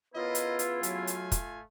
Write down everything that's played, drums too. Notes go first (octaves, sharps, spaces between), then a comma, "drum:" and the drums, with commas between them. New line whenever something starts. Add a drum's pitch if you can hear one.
C#3 B3 E4 F4 A#4 B4 D#5
drum: hi-hat
drum: hi-hat
F#3 A3 F5 G#5, drum: hi-hat
drum: hi-hat
drum: kick, hi-hat